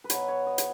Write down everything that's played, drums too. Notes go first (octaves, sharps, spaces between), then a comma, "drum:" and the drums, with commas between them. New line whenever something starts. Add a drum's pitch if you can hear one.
B4
B2 F#3 C#5, drum: hi-hat
C#5
D#5
drum: hi-hat